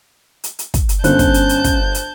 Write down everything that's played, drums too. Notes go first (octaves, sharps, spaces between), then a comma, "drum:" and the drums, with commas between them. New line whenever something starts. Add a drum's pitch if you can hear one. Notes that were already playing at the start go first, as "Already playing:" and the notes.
drum: hi-hat
drum: hi-hat
drum: kick, hi-hat
drum: hi-hat
G1 C#4 C5 A5 F#6 G6, drum: hi-hat
drum: kick, hi-hat
drum: hi-hat
drum: hi-hat
drum: kick, hi-hat
drum: hi-hat